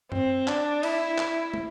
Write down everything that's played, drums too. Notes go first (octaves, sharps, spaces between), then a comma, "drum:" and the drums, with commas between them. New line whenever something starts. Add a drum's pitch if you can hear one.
C4, drum: tom F#2
D4, drum: clap
E4, drum: cymbal
drum: clap
drum: tom